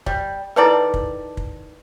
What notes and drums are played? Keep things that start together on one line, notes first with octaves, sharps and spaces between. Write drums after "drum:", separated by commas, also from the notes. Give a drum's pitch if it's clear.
G3, drum: kick
D#3 E4 A4 B4 D5
drum: kick
drum: kick